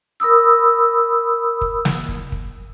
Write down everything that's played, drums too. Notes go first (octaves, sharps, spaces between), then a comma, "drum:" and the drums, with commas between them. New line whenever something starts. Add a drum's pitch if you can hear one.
A#4 B5 D#6 E6
drum: kick
drum: snare
drum: kick
drum: kick